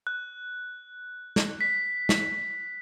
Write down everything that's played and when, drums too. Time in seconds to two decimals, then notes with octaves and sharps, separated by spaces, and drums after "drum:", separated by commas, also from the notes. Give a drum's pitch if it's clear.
0.07 F#6
1.36 drum: snare
1.61 B6
2.09 drum: snare